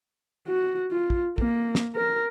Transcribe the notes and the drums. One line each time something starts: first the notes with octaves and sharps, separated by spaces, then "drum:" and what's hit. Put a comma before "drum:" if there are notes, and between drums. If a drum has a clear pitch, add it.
F#4
F4
drum: kick
A#3, drum: kick
drum: snare
A#4